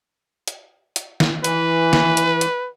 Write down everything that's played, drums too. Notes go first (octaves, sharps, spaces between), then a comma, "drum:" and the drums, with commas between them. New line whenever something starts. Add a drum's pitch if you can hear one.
drum: hi-hat
drum: hi-hat
drum: snare
E3 B4, drum: hi-hat
drum: snare
drum: hi-hat
drum: hi-hat